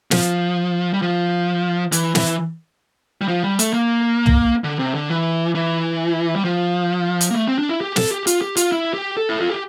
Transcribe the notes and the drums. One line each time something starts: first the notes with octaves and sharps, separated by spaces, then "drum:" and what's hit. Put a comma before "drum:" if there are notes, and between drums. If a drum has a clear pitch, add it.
F3, drum: snare
G3
F3
E3, drum: hi-hat
E3, drum: snare
G3
F3
G3
A3, drum: hi-hat
A#3
drum: tom
D3
C3
D3
E3
E3
G3
F3
drum: hi-hat
A#3
A3
C4
D4
E4
G4
A4, drum: snare
G4
F4, drum: hi-hat
G4
F4, drum: hi-hat
E4
G4
A4
E4
F4
G4